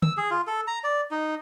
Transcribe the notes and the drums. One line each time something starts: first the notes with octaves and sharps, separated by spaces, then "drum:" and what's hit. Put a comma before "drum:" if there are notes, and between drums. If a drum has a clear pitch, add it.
E6, drum: tom D3
G#4
F4
A4
A#5
D5
D#4